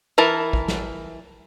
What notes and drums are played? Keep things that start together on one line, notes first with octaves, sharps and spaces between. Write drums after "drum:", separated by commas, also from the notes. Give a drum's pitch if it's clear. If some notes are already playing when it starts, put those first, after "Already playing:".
E3 E4 A#4 A5
drum: kick
drum: snare